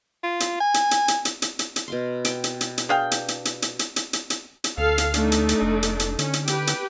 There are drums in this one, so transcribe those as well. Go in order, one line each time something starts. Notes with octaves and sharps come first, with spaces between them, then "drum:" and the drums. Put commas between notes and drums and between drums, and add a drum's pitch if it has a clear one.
F4
drum: hi-hat
G#5
drum: hi-hat
drum: hi-hat
drum: hi-hat
drum: hi-hat
drum: hi-hat
drum: hi-hat
drum: hi-hat
B2 F5 C6
G5, drum: hi-hat
drum: hi-hat
drum: hi-hat
drum: hi-hat
D4 G#4 F5 G5
drum: hi-hat
drum: hi-hat
drum: hi-hat
drum: hi-hat
drum: hi-hat
drum: hi-hat
drum: hi-hat
drum: hi-hat
drum: hi-hat
D2 A4 F5
drum: hi-hat
A3 D4 D#4, drum: hi-hat
drum: hi-hat
drum: hi-hat
F1
drum: hi-hat
drum: hi-hat
D3 C#4, drum: hi-hat
drum: hi-hat
G4 B4, drum: hi-hat
drum: hi-hat